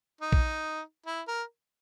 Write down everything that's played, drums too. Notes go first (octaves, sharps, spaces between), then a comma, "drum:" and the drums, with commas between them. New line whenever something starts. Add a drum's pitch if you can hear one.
D#4
drum: kick
E4
A#4